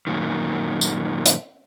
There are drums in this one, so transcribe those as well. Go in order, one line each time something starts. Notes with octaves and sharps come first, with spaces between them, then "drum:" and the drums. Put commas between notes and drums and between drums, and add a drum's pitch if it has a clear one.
F#2 A#2 D#3
drum: tambourine
drum: hi-hat